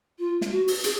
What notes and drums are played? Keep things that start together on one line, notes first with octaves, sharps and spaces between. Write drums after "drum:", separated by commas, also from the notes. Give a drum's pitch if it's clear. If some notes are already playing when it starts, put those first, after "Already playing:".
F4
drum: snare
F#4
drum: open hi-hat
G#4, drum: hi-hat